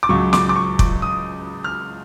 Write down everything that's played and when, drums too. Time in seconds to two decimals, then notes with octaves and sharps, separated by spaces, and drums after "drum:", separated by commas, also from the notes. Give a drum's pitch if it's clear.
0.03 D6
0.09 C#2 C#3 F#3 C#6
0.33 D6, drum: snare
0.49 D6
0.56 C#6
0.79 D6, drum: kick
1.02 D#6
1.64 F6